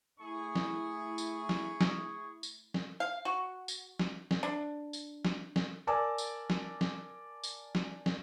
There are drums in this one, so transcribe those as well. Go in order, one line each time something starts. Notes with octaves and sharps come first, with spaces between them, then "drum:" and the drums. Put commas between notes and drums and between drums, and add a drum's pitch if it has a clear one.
A3 E4 G#4 C#6
drum: snare
drum: tambourine
drum: snare
drum: snare
drum: tambourine
drum: snare
F5
F#4
drum: tambourine
drum: snare
drum: snare
D4
drum: tambourine
drum: snare
drum: snare
A#4 D5 G#5 A5 D6 E6
drum: tambourine
drum: snare
drum: snare
drum: tambourine
drum: snare
drum: snare